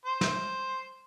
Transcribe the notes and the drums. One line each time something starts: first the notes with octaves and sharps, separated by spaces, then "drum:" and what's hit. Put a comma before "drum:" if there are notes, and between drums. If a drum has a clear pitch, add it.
C5
drum: snare